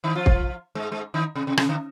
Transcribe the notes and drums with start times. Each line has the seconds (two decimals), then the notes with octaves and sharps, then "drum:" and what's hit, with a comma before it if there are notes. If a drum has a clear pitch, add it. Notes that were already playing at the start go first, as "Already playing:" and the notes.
0.04 D#3 D#4
0.15 F3 F4
0.26 drum: kick
0.75 G#2 G#3
0.92 G#2 G#3
1.14 D#3 D#4
1.35 C3
1.47 C3
1.57 C3, drum: rim click
1.69 D3